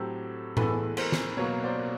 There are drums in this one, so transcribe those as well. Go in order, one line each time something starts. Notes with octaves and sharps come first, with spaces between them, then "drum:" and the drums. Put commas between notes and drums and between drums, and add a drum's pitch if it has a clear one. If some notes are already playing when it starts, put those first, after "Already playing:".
Already playing: A2 F#3 A3 C4 G4 A4
A2 E3 G#3 B3 A4 B4, drum: tom A2
A#4 C5, drum: cymbal
drum: snare
B2 F#3 A#3 B4 C#5
C5 D5